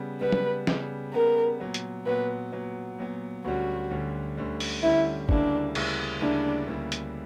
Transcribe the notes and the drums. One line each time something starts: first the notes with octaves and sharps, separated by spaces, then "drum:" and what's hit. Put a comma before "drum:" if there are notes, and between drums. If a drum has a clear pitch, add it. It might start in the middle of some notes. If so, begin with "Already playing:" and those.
Already playing: C#3 G3 B3
C#3 G3 B3 B4
drum: tom
C#3 G3 B3, drum: snare
C#3 G3 B3 A#4
A#2 F#3 B3
drum: hi-hat
A#2 F#3 B3 B4
A#2 F#3 B3
A#2 F#3 B3
D2 D3 G3 C#4 F#4
D2 D3 G3 C#4
D2 D3 G3 C#4
drum: open hi-hat
D2 D3 G3 C#4 E4
D2 C#3 G3 A#3 D4 E4, drum: kick
D2 C#3 G3 A#3 E4, drum: cymbal
D2 C#3 G3 A#3 D4 E4
D2 C#3 G3 A#3 E4
drum: hi-hat